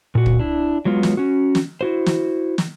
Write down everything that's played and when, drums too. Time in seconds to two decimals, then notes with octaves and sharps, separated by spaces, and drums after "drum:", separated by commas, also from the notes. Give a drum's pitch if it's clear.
0.15 A#2 F#4
0.26 drum: kick
0.40 D4 E4
0.85 F#3 G#3 B3 F4
1.03 drum: snare
1.17 C#4 F#4
1.55 drum: snare
1.81 E4 F#4 C5
2.06 drum: snare
2.58 drum: snare